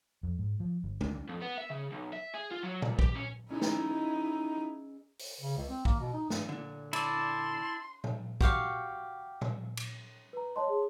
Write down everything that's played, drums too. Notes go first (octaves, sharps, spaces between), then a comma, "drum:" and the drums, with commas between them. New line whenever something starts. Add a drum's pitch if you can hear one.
F2
G#2
F3
G1
D2, drum: tom G#3
F2
B3
E5
C#3
B1
E5
G#4
F4
F#3
A#2, drum: tom A#2
G4, drum: kick
C#4
C#4 D#4 E4 G#4 D#5
drum: snare
drum: open hi-hat
C#3
C#2
C4
A#3, drum: kick
B2
D#4
G2, drum: snare
A#2 D3
E4 D5 A5 C6, drum: cymbal
drum: tom A#2
F#4 G4 F5 C#6, drum: kick
drum: tom A#2
drum: cymbal
B4 A#5
C#5 D#5 A5 C6
G#4